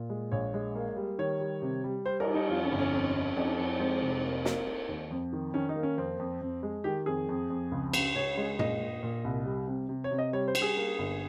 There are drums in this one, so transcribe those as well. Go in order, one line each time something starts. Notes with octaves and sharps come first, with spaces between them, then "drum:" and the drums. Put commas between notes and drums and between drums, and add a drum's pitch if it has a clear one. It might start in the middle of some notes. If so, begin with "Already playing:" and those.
Already playing: A#2
G#3
A#1 C#5
G#3
A#3
G3
D#3 C#5
G3
C3
G3
G3 C5
A#4, drum: cymbal
G3
D#4
F2 F4
C#4
G1
C#4
F2
F2
F2, drum: cymbal
F2
G#3 C4
F1
A#3
A#3, drum: snare
A#3
D#2
F2
D#3
D#3 C#4
D#4
A#3
C#4
F2 C4
F2
F2
G#3
D#3 G4
F2 G#4
F2
F2
C#2
C#3, drum: cymbal
C#2 C#5
G#3
A#2 D#5, drum: tom
A#2
A#2
C2
G3
C3
C3
C#5
C3
D#5
G3 C#5
C5
G3, drum: cymbal
G#4
A#3
G1